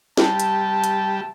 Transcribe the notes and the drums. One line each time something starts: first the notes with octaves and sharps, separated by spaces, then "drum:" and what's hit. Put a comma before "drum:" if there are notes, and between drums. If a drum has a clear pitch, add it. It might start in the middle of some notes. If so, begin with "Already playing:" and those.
C3 G3 A5, drum: snare
drum: hi-hat
drum: hi-hat